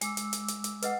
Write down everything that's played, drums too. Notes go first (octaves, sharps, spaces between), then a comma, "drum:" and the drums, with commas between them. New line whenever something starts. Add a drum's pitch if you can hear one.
G#3 D6 E6, drum: hi-hat
drum: hi-hat
drum: hi-hat
drum: hi-hat
drum: hi-hat
B4 D#5 F#5, drum: hi-hat